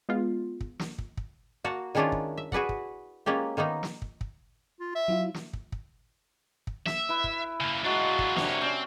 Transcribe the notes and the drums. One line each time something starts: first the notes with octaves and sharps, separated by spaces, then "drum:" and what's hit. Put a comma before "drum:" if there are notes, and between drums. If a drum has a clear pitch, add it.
G#3 B3 F4
drum: kick
drum: snare
drum: kick
drum: kick
A#3 F#4 A5 A#5
D#3 G#3 C#4 D4 E4 F4
drum: kick
E5
F#4 G#4 B4 D5 F#5, drum: kick
drum: kick
G#3 A#3 C#4 F4 G4
D#3 A#3 B3 D#4
drum: snare
drum: kick
drum: kick
F4
E5
F#3 E4 F4
drum: snare
drum: kick
drum: kick
drum: kick
E5, drum: snare
E4 B4
drum: kick
C#3 A#3
F#3 G#3 D4 F4 F#4
drum: kick
C3 A#3 D4 C#5, drum: snare
C4 C#4 D5